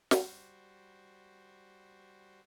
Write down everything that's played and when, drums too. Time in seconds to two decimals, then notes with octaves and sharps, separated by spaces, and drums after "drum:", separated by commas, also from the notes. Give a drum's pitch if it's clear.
0.11 G3 F#4 C5, drum: snare